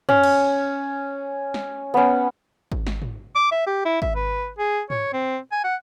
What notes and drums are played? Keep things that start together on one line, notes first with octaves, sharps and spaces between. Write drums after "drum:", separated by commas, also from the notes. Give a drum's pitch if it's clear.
C#4, drum: tom
drum: cymbal
drum: snare
B3 C#4
drum: kick G#1
drum: snare
drum: tom
D6
E5
G4
E4
E5, drum: kick G#1
B4
G#4
C#5, drum: tom
C4
G#5
F#5